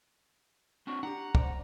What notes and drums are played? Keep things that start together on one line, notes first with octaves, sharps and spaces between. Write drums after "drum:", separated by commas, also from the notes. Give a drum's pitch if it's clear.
C4 D4 F#4
D4 G4 F#5 A#5
C5 D5, drum: kick